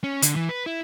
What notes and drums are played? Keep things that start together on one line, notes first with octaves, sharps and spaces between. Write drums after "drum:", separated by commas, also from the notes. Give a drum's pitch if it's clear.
C#4
D3, drum: hi-hat
E3
B4
E4